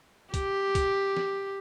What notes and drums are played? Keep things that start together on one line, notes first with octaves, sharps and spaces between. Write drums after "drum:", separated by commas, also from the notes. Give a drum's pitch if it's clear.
G4, drum: kick, hi-hat
drum: kick, hi-hat
drum: snare